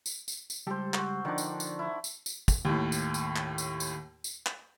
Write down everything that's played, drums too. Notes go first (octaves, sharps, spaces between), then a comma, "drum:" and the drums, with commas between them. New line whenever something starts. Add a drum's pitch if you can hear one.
drum: tambourine
drum: tambourine
drum: tambourine
C#2 G3 G4 A4 C5
F#4 C5, drum: clap
D3 D#3 F3 D4
drum: tambourine
drum: tambourine
E4
drum: tambourine
drum: tambourine
drum: kick, tambourine
D#2 A2
drum: tambourine
drum: tambourine
drum: clap
drum: tambourine
drum: tambourine
drum: tambourine
drum: clap